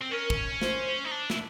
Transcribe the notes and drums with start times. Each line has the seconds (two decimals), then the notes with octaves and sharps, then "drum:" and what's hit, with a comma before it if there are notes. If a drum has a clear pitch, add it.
0.02 C4
0.12 C#4 A#4
0.30 drum: kick
0.62 C5, drum: snare
1.05 D#4
1.11 D4
1.30 E4, drum: snare